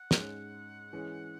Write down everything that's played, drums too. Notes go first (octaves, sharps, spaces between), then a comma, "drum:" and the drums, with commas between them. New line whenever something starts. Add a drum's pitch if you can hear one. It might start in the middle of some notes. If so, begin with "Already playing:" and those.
Already playing: F#5
G#2 G#3 C#4, drum: snare
E3 G#3 C#4